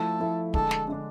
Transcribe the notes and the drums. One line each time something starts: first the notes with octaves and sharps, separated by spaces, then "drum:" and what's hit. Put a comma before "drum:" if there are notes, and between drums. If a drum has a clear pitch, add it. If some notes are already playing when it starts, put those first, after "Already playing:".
Already playing: F3 A3 E4 A4
F3 A3 E4
D3 G#3 D4 A4, drum: kick
drum: snare
D3 G#3 D4